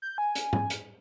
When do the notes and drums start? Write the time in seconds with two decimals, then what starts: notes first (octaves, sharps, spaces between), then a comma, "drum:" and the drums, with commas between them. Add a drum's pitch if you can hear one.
0.02 G6
0.18 G#5
0.35 drum: hi-hat
0.53 drum: tom G#2
0.70 drum: hi-hat